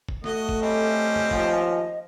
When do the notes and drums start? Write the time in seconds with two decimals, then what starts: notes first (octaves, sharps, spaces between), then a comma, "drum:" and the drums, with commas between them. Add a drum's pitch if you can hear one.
0.09 drum: kick F1
0.24 A3 F#4 D#5, drum: snare
0.49 drum: kick F1
0.62 G3 C4 C#4 D#5
1.16 drum: tom E2
1.31 D#2 F3, drum: kick F1